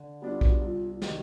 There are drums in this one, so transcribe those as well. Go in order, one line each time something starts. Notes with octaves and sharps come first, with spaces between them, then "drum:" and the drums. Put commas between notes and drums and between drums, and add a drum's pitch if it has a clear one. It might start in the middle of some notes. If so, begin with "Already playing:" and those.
Already playing: D3
G3 B3 D4 F4 F#4
drum: kick
C2 F4
C3 D#3 F#4, drum: snare